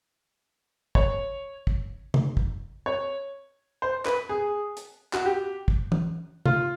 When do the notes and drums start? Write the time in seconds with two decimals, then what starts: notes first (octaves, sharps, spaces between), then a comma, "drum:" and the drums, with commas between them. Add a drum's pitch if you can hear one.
0.95 C#5, drum: kick
1.67 drum: kick
2.14 drum: tom C3
2.37 drum: kick
2.86 C#5
3.82 C5
4.06 B4, drum: clap
4.29 G#4
4.77 drum: hi-hat
5.13 F#4, drum: clap
5.26 G4
5.68 drum: kick
5.92 drum: tom E3
6.46 F4, drum: tom C3